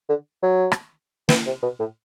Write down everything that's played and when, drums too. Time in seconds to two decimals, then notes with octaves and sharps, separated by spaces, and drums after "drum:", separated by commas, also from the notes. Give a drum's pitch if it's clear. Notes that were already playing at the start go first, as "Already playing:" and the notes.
0.09 D3
0.43 F#3
0.72 drum: rim click
1.29 E3, drum: snare
1.46 C3
1.62 B2
1.79 A2